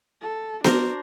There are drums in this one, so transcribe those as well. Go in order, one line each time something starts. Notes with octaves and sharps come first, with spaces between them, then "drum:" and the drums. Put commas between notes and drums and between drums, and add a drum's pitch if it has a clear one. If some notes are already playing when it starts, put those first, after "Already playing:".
A4
D4 F#4 A#4 C5, drum: snare B3